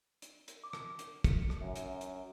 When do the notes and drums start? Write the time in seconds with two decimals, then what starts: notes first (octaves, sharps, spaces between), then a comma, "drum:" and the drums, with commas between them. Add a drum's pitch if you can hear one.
0.22 drum: hi-hat
0.48 drum: hi-hat
0.64 D6
0.73 drum: rim click
0.99 drum: hi-hat
1.24 C#7, drum: kick, hi-hat
1.50 drum: rim click
1.61 F#2 E5
1.76 drum: hi-hat
2.01 drum: hi-hat